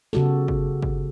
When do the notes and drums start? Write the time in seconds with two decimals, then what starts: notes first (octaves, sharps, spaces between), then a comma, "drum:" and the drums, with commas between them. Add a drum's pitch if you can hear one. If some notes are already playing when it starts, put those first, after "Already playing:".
0.13 C#3 B3 F#4 G4 A4, drum: snare
0.48 drum: kick
0.83 drum: kick